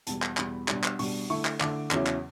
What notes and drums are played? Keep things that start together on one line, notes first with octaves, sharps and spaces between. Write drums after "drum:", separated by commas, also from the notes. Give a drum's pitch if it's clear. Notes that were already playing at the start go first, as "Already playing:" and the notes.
E2 B2 G3 A5, drum: hi-hat
drum: clap
E2 B2 G3 B5, drum: clap
B2 G3 D4, drum: clap
drum: clap
B2 G3 D4 C#6, drum: open hi-hat
D3 A3 E4 C#6
drum: clap
D3 A3 E4 D6, drum: clap
E2 C#3 F#3 C#4 E4, drum: clap
drum: clap